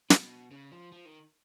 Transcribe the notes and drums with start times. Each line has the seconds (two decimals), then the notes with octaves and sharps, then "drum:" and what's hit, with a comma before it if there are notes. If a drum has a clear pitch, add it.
0.10 B2, drum: snare
0.51 C#3
0.72 F3
0.92 F3
1.06 D#3